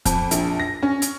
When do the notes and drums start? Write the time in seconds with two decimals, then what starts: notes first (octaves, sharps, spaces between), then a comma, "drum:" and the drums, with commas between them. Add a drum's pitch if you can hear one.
0.05 F2, drum: kick, hi-hat
0.31 A#1, drum: hi-hat
0.60 A#6
0.83 C#4
1.02 drum: hi-hat